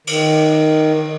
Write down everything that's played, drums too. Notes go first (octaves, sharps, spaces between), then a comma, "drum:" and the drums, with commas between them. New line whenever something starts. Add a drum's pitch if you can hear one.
D#3, drum: cymbal